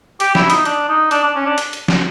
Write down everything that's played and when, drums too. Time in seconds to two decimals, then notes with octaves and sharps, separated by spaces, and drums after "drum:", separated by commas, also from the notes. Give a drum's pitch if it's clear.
0.20 G4, drum: hi-hat
0.35 E4, drum: snare
0.50 D#4, drum: hi-hat
0.65 D4, drum: hi-hat
0.89 D#4
1.11 D4, drum: hi-hat
1.23 D4
1.35 C#4
1.46 D4
1.58 drum: hi-hat
1.73 drum: hi-hat
1.88 drum: snare